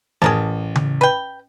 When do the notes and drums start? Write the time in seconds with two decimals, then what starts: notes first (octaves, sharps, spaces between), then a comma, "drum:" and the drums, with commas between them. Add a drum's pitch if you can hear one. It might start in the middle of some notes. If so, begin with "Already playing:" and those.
0.22 A1 G#4 A#4 A5
0.75 drum: tom C#3
1.01 B4 G5